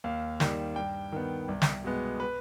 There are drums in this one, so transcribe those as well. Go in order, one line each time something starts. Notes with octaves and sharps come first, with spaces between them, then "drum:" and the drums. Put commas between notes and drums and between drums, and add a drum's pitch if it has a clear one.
D#2 F5
D#3 G3, drum: snare
G2 G5
D#3 B3
C2
drum: snare
B2 G#3 B3
B4